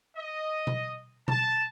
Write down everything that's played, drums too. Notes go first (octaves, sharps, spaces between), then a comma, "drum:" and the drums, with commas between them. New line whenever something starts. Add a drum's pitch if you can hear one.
D#5
drum: tom B2
A5, drum: tom B2